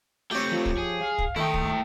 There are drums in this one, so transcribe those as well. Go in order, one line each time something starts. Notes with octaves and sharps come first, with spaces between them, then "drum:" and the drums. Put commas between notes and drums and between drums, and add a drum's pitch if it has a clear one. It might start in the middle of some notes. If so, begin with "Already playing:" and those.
A3 C4 G4 C#5
F3
drum: kick
G#4
F5
drum: kick
D#3 A3 E4 G5
drum: kick